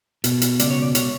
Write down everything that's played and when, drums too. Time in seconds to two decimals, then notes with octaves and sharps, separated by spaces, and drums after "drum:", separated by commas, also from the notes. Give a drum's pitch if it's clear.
0.24 B2, drum: hi-hat
0.42 drum: hi-hat
0.59 C#2 D5, drum: hi-hat
0.70 C#5
0.82 D5
0.95 C#5, drum: hi-hat